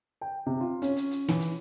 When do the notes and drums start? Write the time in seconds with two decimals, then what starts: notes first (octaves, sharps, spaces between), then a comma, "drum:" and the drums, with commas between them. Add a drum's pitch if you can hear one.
0.21 G5
0.46 C3
0.61 F4
0.82 C#4, drum: hi-hat
0.96 drum: hi-hat
1.11 drum: hi-hat
1.28 E3, drum: snare
1.40 drum: hi-hat